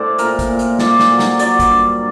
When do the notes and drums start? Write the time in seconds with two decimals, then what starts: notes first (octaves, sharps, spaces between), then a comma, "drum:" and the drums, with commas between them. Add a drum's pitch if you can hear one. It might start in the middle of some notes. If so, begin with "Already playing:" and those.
Already playing: A2 C5 D5
0.18 A#2 A#4, drum: hi-hat
0.39 drum: kick, hi-hat
0.48 A#2
0.59 drum: hi-hat
0.79 A#2 D5, drum: snare
0.99 drum: snare
1.10 F#3
1.19 drum: snare
1.39 F#3 D5, drum: hi-hat
1.60 drum: kick, hi-hat
1.69 G2